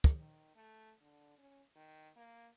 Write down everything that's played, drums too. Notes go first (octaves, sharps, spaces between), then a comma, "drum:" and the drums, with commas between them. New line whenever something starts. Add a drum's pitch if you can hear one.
drum: kick
D#3
A3
D3
C#4
D#3
A#3